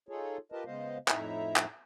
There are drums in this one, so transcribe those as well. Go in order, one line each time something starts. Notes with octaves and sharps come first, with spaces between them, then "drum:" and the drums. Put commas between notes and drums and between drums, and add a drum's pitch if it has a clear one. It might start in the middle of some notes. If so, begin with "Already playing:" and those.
D#4 F4 G#4 A4 C#5
F4 G4 A#4 B4 D#5 A5
C#3 G#3 B3 C5 D#5 F5
F2 A2 D#4 E4 E5 A#5, drum: clap
drum: clap